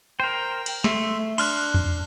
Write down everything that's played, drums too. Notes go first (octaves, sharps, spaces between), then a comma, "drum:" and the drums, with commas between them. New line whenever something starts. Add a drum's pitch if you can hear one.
A#4 C5 G5
drum: cymbal
A3 E5 C6, drum: snare
D4 C6 F6 F#6, drum: cymbal
drum: tom E2